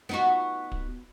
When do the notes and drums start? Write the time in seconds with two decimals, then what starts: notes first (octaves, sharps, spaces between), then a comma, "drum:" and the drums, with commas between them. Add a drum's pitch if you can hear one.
0.09 B3 D#4 F#4
0.72 drum: kick